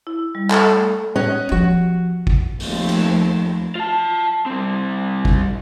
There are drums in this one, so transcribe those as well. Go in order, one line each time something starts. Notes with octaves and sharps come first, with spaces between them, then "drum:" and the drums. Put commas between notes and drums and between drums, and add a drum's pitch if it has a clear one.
E4
G3
A4, drum: clap
A3
C#4 D#5 F#5
F3 F#4
drum: kick
D#2 F3 A3 C4, drum: open hi-hat
drum: cymbal
F4 A5
G3 C4
drum: kick